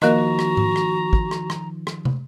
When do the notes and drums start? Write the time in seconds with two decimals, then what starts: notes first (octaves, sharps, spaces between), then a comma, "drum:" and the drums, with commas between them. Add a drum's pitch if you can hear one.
0.02 D#3 F3 A#3 F#4 A#4 D#5 A#5, drum: rim click
0.39 drum: rim click
0.57 drum: tom G#2
0.76 drum: rim click
1.13 drum: kick
1.31 drum: rim click
1.50 drum: rim click
1.87 drum: rim click
2.05 drum: tom